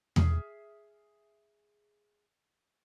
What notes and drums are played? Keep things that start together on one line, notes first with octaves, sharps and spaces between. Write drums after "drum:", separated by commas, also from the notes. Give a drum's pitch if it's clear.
G#4 E5 F6, drum: tom E2